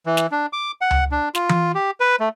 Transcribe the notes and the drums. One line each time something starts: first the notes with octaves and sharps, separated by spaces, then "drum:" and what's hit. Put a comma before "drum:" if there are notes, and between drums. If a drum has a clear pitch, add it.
E3
drum: snare
D4
D6
F#5
drum: tom C#2
D4
F4, drum: snare
drum: tom E3
G4
B4
A3